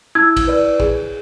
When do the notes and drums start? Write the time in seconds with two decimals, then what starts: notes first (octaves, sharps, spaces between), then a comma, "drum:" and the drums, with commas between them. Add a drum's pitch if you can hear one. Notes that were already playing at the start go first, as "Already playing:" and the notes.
0.15 E4 E6 G#6
0.37 drum: kick, cymbal
0.47 B4 D5
0.80 G#4, drum: kick